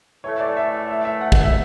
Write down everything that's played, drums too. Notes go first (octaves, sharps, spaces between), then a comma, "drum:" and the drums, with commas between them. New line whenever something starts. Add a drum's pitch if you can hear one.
A2 E3 A3 C#5
D5
E5
E5
E5
F#5
F#5, drum: kick
E5